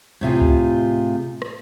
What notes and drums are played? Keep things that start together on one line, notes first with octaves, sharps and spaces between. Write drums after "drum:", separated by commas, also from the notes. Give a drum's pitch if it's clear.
A2 C3 F4 G#4
drum: kick
drum: rim click